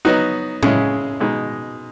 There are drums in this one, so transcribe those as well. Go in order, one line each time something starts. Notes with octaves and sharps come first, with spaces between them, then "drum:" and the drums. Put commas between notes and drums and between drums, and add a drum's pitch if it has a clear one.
F#3 B3 D#4 F#4
C#3 G#3 C#4 E4, drum: tom A2
B2 G#3 D#4